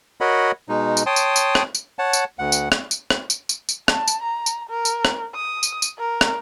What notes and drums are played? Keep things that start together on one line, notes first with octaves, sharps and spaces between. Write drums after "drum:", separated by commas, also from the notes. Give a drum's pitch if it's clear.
F#4 A#4 C#5 D#5 F#5 B5
B2 G#3 D#4
drum: tambourine
C#5 G5 A5 C6 D#6
drum: tambourine
drum: tambourine
drum: rim click
drum: tambourine
C#5 F#5 A5
drum: tambourine
D2 F#5
drum: tambourine
drum: rim click
drum: tambourine
drum: rim click
drum: tambourine
drum: tambourine
drum: tambourine
A5, drum: rim click
drum: tambourine
A#5
drum: tambourine
A#4
drum: tambourine
drum: rim click
D#6
drum: tambourine
drum: tambourine
A#4
drum: rim click